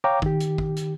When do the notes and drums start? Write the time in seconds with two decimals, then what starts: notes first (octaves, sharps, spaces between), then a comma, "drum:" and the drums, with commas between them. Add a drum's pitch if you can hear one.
0.04 C#5 F5 G5 A#5 D6
0.22 D#3 G4, drum: kick
0.40 drum: hi-hat
0.58 drum: kick
0.76 drum: hi-hat